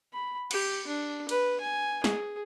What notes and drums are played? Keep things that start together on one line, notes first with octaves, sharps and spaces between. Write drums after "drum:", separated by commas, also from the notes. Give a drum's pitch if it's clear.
B5
G4, drum: cymbal
D4
B4, drum: cymbal
G#5
G#4, drum: snare